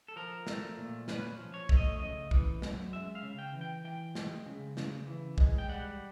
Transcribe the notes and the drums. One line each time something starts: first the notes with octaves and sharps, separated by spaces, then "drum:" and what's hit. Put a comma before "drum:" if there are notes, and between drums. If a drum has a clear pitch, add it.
A4
F3 A#4
A3, drum: snare
A#2
C#4 B4, drum: snare
F3
C#5
A3, drum: kick
D#5
C#3 D#5
E3, drum: kick
F#2, drum: snare
G#3 E5
F5
C#3
G5
E3
G5
E3 G5
G#3, drum: snare
C#3
C#3, drum: snare
E3
G#3, drum: kick
G5
G3 F#5